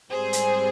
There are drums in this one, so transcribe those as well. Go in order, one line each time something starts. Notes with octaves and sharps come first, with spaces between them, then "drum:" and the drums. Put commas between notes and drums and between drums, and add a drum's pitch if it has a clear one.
G#2 G3 C4 G#4 C5
drum: hi-hat